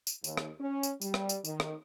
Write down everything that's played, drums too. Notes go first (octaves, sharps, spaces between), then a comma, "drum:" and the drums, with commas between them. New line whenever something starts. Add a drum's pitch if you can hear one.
drum: tambourine
D#2, drum: tambourine
drum: rim click
C#4
drum: tambourine
G3, drum: tambourine
drum: rim click
drum: tambourine
D#3, drum: tambourine
drum: rim click